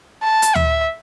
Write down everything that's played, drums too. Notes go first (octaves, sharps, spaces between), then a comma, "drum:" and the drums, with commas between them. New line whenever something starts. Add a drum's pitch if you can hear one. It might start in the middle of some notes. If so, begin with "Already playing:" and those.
A5
drum: hi-hat
E5, drum: tom D2